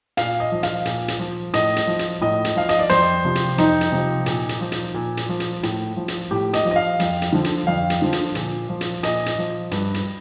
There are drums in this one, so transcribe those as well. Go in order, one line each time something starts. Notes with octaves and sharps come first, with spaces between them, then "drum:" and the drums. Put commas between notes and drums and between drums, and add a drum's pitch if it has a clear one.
A#2 F5, drum: hi-hat
D#5
F3
F5, drum: hi-hat
A#2, drum: hi-hat
drum: hi-hat
F3
A2 D#5, drum: hi-hat
drum: hi-hat
F3
drum: hi-hat
A2 D#5
drum: hi-hat
F3 F5
D#5, drum: hi-hat
D5
F2 C5, drum: hi-hat
C3 F3
drum: hi-hat
F2 D#4, drum: hi-hat
drum: hi-hat
C3 F3
A#2, drum: hi-hat
drum: hi-hat
F3
drum: hi-hat
A#2
drum: hi-hat
F3
drum: hi-hat
A2, drum: hi-hat
F3
drum: hi-hat
A2 G4
D#5, drum: hi-hat
F3
D#5
F5
F2, drum: hi-hat
drum: hi-hat
D3 F3
drum: hi-hat
F2 F5
drum: hi-hat
D3 F3
drum: hi-hat
A#2, drum: hi-hat
F3
drum: hi-hat
A#2 D#5, drum: hi-hat
drum: hi-hat
F3
G2, drum: hi-hat
drum: hi-hat